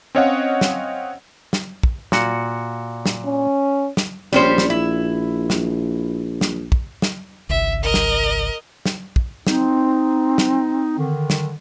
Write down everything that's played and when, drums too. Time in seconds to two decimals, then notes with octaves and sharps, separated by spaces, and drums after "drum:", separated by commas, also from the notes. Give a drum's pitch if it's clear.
0.15 C4 C#4 C#5 D#5 F5 F#5
0.61 drum: snare
1.53 drum: snare
1.83 drum: kick
2.12 A#2 F#4 F#5, drum: snare
3.06 drum: snare
3.26 C#4
3.97 drum: snare
4.33 A#1 G3 C#4 C5
4.58 drum: snare
4.70 E4
5.50 drum: snare
6.41 drum: snare
6.72 drum: kick
7.02 drum: snare
7.49 G#1 C#2 E5
7.83 A#4 D#5
7.94 drum: snare
8.86 drum: snare
9.16 drum: kick
9.47 C4 D#4, drum: snare
10.38 drum: snare
10.97 D3 D#3
11.30 drum: snare